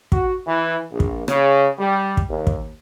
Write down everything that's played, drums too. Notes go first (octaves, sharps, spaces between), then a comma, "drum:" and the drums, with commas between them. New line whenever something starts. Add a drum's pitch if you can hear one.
F#4, drum: kick
E3
A#1
drum: kick
C#3, drum: rim click
G3
drum: kick
D#2
drum: kick